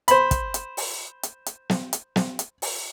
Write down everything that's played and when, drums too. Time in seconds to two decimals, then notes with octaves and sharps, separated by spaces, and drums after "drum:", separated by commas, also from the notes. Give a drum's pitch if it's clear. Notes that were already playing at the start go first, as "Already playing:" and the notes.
0.08 C5 B5, drum: hi-hat
0.31 drum: kick, hi-hat
0.54 drum: hi-hat
0.77 drum: open hi-hat
1.23 drum: hi-hat
1.46 drum: hi-hat
1.70 drum: snare
1.93 drum: hi-hat
2.16 drum: snare
2.39 drum: hi-hat
2.62 drum: open hi-hat